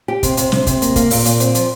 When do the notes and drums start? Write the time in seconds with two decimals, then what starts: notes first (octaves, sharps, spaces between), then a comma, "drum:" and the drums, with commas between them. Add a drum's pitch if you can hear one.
0.08 G4
0.23 C3, drum: kick, hi-hat
0.37 C3, drum: hi-hat
0.52 C3, drum: snare
0.67 C3, drum: kick, hi-hat
0.82 A#3, drum: hi-hat
0.96 A#3, drum: kick, hi-hat
1.11 A#2, drum: open hi-hat
1.25 A#2, drum: hi-hat
1.40 C4, drum: hi-hat
1.55 F3, drum: hi-hat